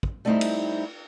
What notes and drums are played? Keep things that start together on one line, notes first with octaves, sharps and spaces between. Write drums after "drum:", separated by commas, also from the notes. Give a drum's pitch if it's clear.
drum: kick
G3 A3 C4 D#4 E4 C5
drum: cymbal